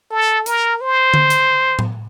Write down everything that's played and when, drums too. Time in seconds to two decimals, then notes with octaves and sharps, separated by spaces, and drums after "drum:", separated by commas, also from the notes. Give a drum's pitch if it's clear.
0.11 A4
0.46 A#4, drum: hi-hat
0.81 C5
1.14 drum: tom D3
1.30 drum: hi-hat
1.79 drum: tom A2